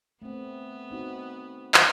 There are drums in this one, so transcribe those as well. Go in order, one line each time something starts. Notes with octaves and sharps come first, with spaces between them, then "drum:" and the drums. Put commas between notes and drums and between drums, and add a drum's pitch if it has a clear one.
A3 B3 C4
C4 D#4 F#4
drum: clap